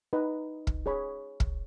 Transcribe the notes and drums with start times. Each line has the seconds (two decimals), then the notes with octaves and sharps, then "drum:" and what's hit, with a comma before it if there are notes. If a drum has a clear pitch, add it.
0.13 D#4 B4 D#5
0.67 drum: kick
0.86 G#4 C#5 B5
1.40 drum: kick